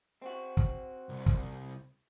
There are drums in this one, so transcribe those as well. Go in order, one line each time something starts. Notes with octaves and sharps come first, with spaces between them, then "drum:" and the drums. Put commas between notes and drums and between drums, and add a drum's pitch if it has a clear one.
C4 F#4
drum: kick
C2
drum: kick